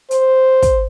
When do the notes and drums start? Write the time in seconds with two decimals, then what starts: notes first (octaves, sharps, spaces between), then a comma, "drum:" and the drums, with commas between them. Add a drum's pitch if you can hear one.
0.11 C5, drum: hi-hat
0.62 drum: kick, hi-hat